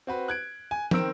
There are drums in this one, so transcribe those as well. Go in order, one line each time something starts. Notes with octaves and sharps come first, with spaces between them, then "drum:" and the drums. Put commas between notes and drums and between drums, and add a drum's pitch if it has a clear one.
C4 F#4 B4
F#6 G#6 D7
G#5
D#3 C4 A#4 E6 D7, drum: tom